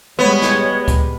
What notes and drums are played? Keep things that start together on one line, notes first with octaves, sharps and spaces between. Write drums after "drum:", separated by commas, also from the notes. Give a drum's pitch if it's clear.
G3 G#3 B3 C#5
drum: snare
drum: kick C#2, hi-hat